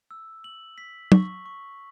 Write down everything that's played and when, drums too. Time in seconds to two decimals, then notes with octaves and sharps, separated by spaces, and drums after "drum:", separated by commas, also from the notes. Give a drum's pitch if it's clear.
0.11 E6
0.44 F#7
0.78 B6
1.12 C#6, drum: tom
1.46 C#6